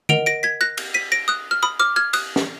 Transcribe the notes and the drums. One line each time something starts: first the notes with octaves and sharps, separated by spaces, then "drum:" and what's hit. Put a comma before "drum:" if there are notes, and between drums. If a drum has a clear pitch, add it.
A#4 D#5 F#5 D7 F7, drum: tom D3
A#6 D7
G#6 B6
F#6 A#6
drum: cymbal
B6 D#7
A#6 D7
D#6 F#6
F6
B5 D#6
D6 F6
F6 G#6
D#6 F#6, drum: cymbal
drum: snare